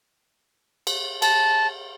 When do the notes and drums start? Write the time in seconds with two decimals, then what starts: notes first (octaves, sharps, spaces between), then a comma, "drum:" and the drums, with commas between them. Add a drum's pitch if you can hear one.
0.87 drum: cymbal
1.22 A5, drum: cymbal